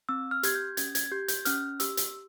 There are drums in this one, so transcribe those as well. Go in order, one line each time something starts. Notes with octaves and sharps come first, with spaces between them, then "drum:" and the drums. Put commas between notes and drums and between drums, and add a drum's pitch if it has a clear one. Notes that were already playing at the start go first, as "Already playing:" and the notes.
C4 E6
F6
G4 G#6, drum: hi-hat
G6
C#4 G#6, drum: hi-hat
G#6, drum: hi-hat
G#6
G4 G6
G6, drum: hi-hat
C#4 F6, drum: hi-hat
G4 E6, drum: hi-hat
drum: hi-hat